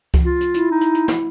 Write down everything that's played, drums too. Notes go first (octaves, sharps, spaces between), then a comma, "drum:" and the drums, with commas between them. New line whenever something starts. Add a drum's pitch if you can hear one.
drum: kick C#2, hi-hat
F4
drum: hi-hat
E4, drum: hi-hat
D#4
drum: hi-hat
drum: hi-hat
drum: snare